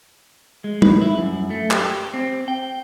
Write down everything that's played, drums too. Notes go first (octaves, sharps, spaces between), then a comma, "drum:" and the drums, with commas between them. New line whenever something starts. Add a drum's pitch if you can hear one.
G#3
B4, drum: tom
E4
F#2
A3
G4, drum: clap
C4
G5